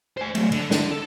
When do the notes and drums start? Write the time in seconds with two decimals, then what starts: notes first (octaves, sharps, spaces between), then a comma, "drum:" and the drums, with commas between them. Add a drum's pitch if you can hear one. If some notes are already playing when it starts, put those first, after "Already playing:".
0.17 C5 G#5
0.35 F#3 A3, drum: cymbal
0.52 D3, drum: cymbal
0.71 D4 A4, drum: snare
0.91 A4